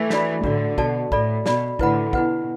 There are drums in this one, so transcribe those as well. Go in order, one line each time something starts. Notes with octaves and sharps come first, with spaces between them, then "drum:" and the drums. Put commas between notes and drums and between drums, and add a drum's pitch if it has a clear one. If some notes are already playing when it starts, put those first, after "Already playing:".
Already playing: E3 A3
D4 F#4 A4 D5 B5, drum: snare
A2 D3 D4 F#4 D5, drum: kick
B2 F#4 A4 D5 A5, drum: kick
A2 A4 D5 B5, drum: kick
B2 F#4 D5 B5, drum: snare
A2 D3 E4 B4 F#5 B5, drum: kick
B2 E4 B4 F#5, drum: kick